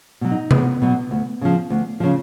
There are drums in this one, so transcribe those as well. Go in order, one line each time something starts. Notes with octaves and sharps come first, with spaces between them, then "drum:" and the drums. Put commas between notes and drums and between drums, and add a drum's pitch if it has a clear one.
B2 F#3
D#4
E2 B3, drum: tom C3
B2 F#3
D2
C#3 F3
D2
C#3 F3